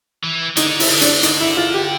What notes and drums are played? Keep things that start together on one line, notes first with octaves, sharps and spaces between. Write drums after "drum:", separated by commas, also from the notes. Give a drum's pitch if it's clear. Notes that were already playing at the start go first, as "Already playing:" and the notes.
E3
D3 D#4, drum: hi-hat
E4, drum: open hi-hat
D3
D4, drum: hi-hat
D#4, drum: hi-hat
E4
F4
G4